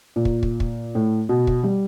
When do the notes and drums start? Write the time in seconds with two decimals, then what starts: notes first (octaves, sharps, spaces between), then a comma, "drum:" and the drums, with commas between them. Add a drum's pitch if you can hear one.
0.16 A#2
0.25 drum: kick
0.43 drum: kick
0.60 drum: kick
0.95 A2
1.29 B2
1.47 drum: kick
1.63 G3